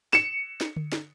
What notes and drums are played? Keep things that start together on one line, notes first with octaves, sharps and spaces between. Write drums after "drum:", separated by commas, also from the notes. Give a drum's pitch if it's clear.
C#7 E7, drum: snare
drum: snare
drum: tom D3
drum: snare